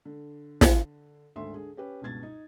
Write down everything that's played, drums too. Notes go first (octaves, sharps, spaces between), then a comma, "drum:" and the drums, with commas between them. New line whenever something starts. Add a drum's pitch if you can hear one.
D3
drum: snare
G#1 D2 D3 E5 C6
D3 G#4
C#4 G4 B4
C#2 G2 B2 G#6 A6
D#4